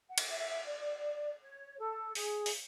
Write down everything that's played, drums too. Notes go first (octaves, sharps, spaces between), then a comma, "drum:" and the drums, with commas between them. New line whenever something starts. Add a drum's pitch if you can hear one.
F#5
drum: cymbal
E5
D5
C#5
A4
G#4, drum: open hi-hat
drum: open hi-hat